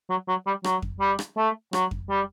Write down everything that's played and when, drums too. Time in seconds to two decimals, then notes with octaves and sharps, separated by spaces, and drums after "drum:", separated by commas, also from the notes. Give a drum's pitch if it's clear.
0.10 F#3
0.28 F#3
0.46 G3
0.64 F#3, drum: rim click
0.82 drum: kick F2
1.00 G3
1.19 drum: rim click
1.37 A3
1.73 F#3, drum: rim click
1.91 drum: kick F2
2.10 G3